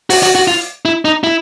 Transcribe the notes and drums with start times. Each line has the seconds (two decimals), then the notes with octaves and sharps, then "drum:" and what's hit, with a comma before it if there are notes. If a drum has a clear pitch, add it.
0.10 F#4, drum: open hi-hat
0.23 F#4
0.35 F#4
0.48 F4
0.85 E4
1.05 D#4
1.24 E4